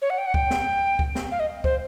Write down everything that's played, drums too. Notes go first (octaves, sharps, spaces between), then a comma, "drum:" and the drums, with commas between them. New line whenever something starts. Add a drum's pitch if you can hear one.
C#5
F#5
G5
F#5
G5, drum: kick
drum: snare
drum: kick
drum: snare
F5
D#5
C5, drum: kick